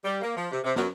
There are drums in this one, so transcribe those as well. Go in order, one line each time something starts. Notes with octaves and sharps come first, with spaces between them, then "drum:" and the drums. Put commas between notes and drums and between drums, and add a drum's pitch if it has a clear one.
G3
A#3
F3
C3
C3
F#2, drum: snare